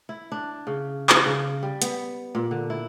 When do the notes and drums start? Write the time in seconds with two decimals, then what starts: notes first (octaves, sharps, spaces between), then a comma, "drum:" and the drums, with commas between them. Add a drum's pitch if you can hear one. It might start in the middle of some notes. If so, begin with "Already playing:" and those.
0.09 E4
0.32 D4
0.67 C#3
1.09 drum: clap
1.26 C#3
1.63 G3
1.82 B3, drum: hi-hat
2.35 A#2
2.51 D3
2.70 E4